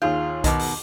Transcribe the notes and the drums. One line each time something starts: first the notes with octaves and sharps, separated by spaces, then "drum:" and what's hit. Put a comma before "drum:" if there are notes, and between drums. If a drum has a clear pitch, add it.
D#2 F4 G#4 G6
B2 D#3 D#5 D6, drum: kick B1, hi-hat
drum: open hi-hat